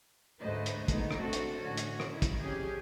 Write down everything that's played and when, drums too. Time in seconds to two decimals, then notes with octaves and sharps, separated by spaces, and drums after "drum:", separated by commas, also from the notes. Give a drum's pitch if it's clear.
0.40 D2 G#2 A3 B4 C5 D#5
0.66 drum: hi-hat
0.88 G#3 A3 B3 D#4, drum: kick, hi-hat
1.11 drum: rim click
1.20 A3 C4 D4 F#4 A4
1.33 drum: hi-hat
1.61 A2 D3 E3 C#4 F#4
1.77 drum: hi-hat
2.00 drum: rim click
2.11 D#3 E4
2.22 drum: kick, hi-hat
2.40 F2 C#4 G4 G#4